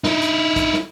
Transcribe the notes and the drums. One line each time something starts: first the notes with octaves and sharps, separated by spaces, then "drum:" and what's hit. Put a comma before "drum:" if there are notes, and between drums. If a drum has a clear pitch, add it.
D#4 E4, drum: snare
drum: hi-hat
drum: kick, hi-hat
drum: snare